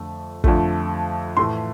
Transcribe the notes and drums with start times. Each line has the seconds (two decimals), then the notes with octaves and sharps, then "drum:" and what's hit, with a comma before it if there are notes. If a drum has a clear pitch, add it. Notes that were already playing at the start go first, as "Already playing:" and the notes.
Already playing: F2 D3 A3
0.44 F2 D3 F3 A3, drum: kick
1.37 A2 E3 A3 C6